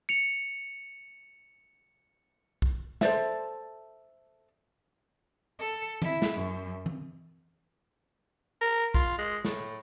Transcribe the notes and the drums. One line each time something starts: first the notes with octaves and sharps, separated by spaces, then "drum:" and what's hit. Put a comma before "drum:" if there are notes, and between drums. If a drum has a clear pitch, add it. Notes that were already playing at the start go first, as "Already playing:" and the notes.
C#7 F7
drum: kick B1
A4 C5 D5 E5, drum: snare
A4
E4, drum: tom E3
drum: snare
F#2
drum: tom E3
A#4
F4, drum: kick B1
G#3
A2, drum: snare